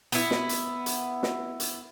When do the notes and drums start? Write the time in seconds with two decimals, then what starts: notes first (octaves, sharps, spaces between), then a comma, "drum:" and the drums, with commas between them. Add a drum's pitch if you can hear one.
0.12 B3 E4, drum: hi-hat
0.31 drum: snare
0.49 drum: hi-hat
0.86 drum: hi-hat
1.23 drum: snare
1.60 drum: hi-hat